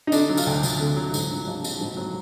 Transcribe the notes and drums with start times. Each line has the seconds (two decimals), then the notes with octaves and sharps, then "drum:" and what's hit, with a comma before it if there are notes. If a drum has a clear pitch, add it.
0.07 D#4
0.12 D3 D4, drum: tambourine
0.29 F#3
0.37 F4, drum: tambourine
0.46 D2
0.63 D2, drum: tambourine
0.79 D3
0.96 F#3
1.14 G#2, drum: tambourine
1.31 F#3
1.47 A#1
1.64 A#1, drum: tambourine
1.81 G#2
1.97 F#3